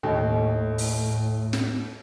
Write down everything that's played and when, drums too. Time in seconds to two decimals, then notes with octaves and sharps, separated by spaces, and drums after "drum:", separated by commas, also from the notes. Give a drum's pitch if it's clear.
0.03 D#2 A2 A4 D#5
0.78 drum: open hi-hat
1.53 drum: snare